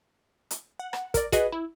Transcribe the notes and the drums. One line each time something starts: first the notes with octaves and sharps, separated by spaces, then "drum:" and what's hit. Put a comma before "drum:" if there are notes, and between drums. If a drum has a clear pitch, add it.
drum: hi-hat
F#5
drum: rim click
A#4 D5, drum: kick, hi-hat
F#4 G#4 B4 D#5, drum: kick, hi-hat
E4